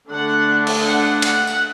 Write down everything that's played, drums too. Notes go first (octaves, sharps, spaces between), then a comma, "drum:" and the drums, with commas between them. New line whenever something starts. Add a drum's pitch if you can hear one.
D3 A3 D4 F#5
drum: cymbal
F#5
F#5, drum: cymbal
drum: tambourine